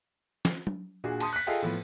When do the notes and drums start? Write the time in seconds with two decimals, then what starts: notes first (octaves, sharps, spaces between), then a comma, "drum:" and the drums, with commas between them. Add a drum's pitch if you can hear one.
0.45 drum: snare
0.67 drum: tom F#3
1.04 A#2 D4 F#4 G#4
1.20 A5 C6 D#6, drum: cymbal
1.33 F#6 B6
1.47 F4 G#4 A4 D#5 F5 G5
1.62 A2 F3 B3